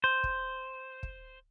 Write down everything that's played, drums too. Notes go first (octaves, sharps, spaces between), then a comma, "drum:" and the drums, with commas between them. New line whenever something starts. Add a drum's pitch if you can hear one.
C5
drum: kick
drum: kick